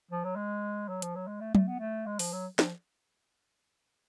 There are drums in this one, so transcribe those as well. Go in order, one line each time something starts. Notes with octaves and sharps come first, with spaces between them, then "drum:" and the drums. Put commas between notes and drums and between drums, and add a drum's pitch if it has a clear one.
F3
F#3
G#3
F#3
F3, drum: hi-hat
F#3
G#3
A3
A3, drum: tom F#3
B3
A3
G#3
F3, drum: open hi-hat
F#3
F3, drum: snare